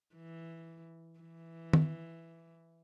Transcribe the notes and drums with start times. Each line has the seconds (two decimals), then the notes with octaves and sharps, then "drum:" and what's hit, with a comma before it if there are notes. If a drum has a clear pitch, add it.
0.15 E3
1.20 E3
1.73 drum: tom